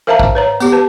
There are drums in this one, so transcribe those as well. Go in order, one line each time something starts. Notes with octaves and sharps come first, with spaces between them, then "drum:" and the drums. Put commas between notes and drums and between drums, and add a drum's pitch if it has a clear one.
A#4 C5 E5 F5 A5 A#5
drum: kick
B4 C#5 A#5
B3 G4, drum: tambourine
B4 A5